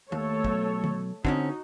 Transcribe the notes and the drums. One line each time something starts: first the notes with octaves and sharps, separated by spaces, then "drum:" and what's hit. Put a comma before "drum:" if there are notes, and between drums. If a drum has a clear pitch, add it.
D#2 A3 A4 C#5
B1, drum: kick
drum: tom
D3 C4 C#4 D#4 F#4, drum: kick